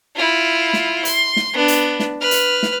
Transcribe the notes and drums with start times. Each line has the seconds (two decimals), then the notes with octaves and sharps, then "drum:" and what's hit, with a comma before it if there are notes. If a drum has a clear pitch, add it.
0.15 E4 F4
0.73 drum: snare
1.05 C6, drum: hi-hat
1.36 drum: snare
1.54 B3 D4
1.68 drum: hi-hat
2.00 drum: snare
2.21 B4 F6
2.31 drum: hi-hat
2.63 drum: snare